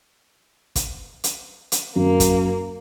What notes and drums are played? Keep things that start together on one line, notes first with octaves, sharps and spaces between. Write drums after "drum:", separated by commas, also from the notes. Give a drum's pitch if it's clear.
drum: kick, hi-hat
drum: hi-hat
drum: hi-hat
F#2 A#3
drum: kick, hi-hat